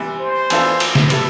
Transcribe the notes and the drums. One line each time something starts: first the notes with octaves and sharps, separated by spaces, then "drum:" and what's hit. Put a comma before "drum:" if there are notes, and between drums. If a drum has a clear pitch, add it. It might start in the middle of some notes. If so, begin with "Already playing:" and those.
Already playing: C3 E3 G3
C5
E3 B3 D4 F4 A4, drum: cymbal
drum: cymbal
drum: snare
G3 B3 E4 A4, drum: cymbal